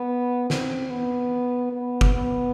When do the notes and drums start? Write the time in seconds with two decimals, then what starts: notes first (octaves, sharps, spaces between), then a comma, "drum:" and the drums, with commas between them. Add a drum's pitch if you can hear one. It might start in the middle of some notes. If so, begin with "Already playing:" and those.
Already playing: B3
0.50 C4, drum: snare
0.90 B3
1.73 B3
2.01 drum: kick F#1
2.14 B3